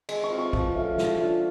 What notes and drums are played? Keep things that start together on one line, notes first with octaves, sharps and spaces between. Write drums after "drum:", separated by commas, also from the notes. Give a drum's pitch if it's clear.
G#3 C6, drum: cymbal
C#6
C4 F4
C#6
F3, drum: kick
A3 C#4 F4
A3, drum: snare
D4 F4